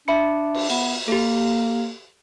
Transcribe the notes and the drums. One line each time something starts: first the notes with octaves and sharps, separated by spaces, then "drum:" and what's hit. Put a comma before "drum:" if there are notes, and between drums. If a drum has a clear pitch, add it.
D4 E5 B5 C#7
drum: cymbal
B3, drum: cymbal
A#3 G4 A4